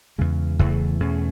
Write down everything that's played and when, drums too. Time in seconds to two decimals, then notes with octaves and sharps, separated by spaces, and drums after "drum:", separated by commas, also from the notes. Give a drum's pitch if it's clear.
0.18 E2 C#3 G#3
0.59 E2 C#3 E3 A3, drum: kick
1.00 E2 B2 A3 C#4